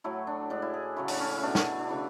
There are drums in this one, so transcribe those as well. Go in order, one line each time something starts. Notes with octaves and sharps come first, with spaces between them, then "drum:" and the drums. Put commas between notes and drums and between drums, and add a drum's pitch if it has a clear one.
A2 F#3 A3 E4
D4
A2 G#3 D4
E4
G#4
C#3 F#3 A3 E4
D4, drum: open hi-hat
C#4
C#4
E4
B2 A3 D4
drum: snare
D4
C#3 E3 A3 E4